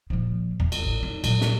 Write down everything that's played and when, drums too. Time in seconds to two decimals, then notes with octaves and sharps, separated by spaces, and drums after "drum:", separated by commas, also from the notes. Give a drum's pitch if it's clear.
0.10 A#2 F3
0.60 E2
0.72 drum: cymbal
0.82 A1
1.03 D#4
1.24 A#2 F#3, drum: cymbal
1.41 drum: snare